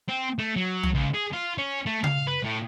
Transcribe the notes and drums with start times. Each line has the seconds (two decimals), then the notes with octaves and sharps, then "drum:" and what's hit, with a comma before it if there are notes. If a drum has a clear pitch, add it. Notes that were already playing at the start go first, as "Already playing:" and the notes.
0.09 C4
0.39 A3
0.56 F#3
0.83 drum: tom
0.95 C#2
1.14 G#4
1.33 F4
1.58 C#4
1.86 A3
2.04 F5, drum: tom C#3
2.27 B4
2.44 A2